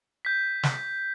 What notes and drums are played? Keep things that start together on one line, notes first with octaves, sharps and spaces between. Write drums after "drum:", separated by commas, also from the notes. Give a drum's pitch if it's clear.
G6 B6
drum: snare